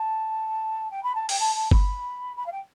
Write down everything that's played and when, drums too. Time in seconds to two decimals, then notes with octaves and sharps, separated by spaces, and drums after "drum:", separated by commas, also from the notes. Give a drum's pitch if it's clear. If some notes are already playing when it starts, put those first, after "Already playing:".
Already playing: A5
0.90 G5
1.03 B5
1.15 A5
1.29 G5, drum: open hi-hat
1.40 A5
1.55 A5
1.71 B5, drum: kick G1
2.36 B5
2.46 F5
2.52 G5